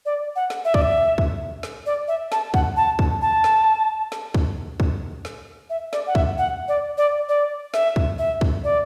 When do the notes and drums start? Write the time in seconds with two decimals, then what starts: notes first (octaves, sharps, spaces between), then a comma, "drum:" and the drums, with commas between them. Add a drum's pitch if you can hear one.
0.06 D5
0.36 F#5
0.50 drum: snare
0.65 E5
0.74 D5, drum: kick
0.82 E5
1.18 drum: kick
1.63 drum: snare
1.86 D5
2.08 E5
2.32 A5, drum: snare
2.54 F#5, drum: kick
2.77 A5
2.99 drum: kick
3.22 A5
3.44 drum: snare
4.12 drum: snare
4.34 drum: kick
4.80 drum: kick
5.25 drum: snare
5.70 E5
5.93 D5, drum: snare
6.07 F#5
6.15 E5, drum: kick
6.38 F#5
6.68 D5
6.98 D5
7.29 D5
7.74 E5, drum: snare
7.96 drum: kick
8.18 E5
8.41 drum: kick
8.64 D5